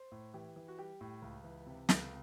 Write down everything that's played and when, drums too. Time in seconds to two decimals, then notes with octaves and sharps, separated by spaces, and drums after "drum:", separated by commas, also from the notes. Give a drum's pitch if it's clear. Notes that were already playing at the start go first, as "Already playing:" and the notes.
Already playing: C5
0.12 A2
0.34 E3 G4
0.56 E3
0.68 F#4
0.78 G3 G4
1.01 A2
1.22 C#2
1.44 E3
1.66 C3
1.89 C#2, drum: snare